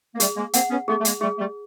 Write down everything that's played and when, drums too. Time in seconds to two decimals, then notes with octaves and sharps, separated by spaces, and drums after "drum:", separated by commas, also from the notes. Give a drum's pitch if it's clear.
0.15 A#3
0.20 G3 A3 G#4, drum: hi-hat
0.37 G#3 A#3
0.53 A#3 C4 F#5, drum: hi-hat
0.70 B3 C#4
0.88 A3 B3 G#4
1.00 A3
1.05 G#3 A#3, drum: hi-hat
1.21 G3 A3 G#4
1.39 G3 A3